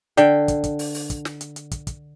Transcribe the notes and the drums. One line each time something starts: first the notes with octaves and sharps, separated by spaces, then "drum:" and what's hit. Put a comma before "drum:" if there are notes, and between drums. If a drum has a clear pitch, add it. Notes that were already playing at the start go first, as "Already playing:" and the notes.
D3 G5, drum: hi-hat
drum: kick, hi-hat
drum: kick, hi-hat
drum: open hi-hat
drum: open hi-hat
drum: kick, hi-hat
drum: snare
drum: hi-hat
drum: hi-hat
drum: kick, hi-hat
drum: kick, hi-hat